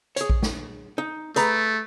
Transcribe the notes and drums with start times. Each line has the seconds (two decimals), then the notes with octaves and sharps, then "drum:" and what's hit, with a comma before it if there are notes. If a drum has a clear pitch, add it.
0.16 G#4 C#5, drum: hi-hat
0.30 drum: kick A#1
0.43 drum: snare
0.98 D#4
1.36 A3 G#4 B4 A#5, drum: hi-hat